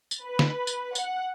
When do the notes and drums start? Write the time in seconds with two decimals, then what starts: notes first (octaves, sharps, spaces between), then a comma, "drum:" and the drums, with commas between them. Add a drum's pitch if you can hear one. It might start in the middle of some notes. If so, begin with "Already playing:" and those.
0.11 drum: tambourine
0.22 B4
0.39 drum: snare
0.67 drum: tambourine
0.95 F#5, drum: tambourine